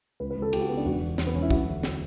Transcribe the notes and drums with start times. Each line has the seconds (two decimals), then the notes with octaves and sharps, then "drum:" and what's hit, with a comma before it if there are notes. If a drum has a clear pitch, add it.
0.20 C#2 B4
0.31 B4
0.36 C#2
0.42 A4
0.53 C#2 G4, drum: cymbal
0.61 F#4
0.69 C#3 B3
0.77 D4
0.85 E1 F#4
1.01 E2
1.18 E1, drum: snare
1.27 B3
1.35 E1 C#4
1.42 E4
1.50 F#3 F#4, drum: kick
1.67 D2
1.83 drum: snare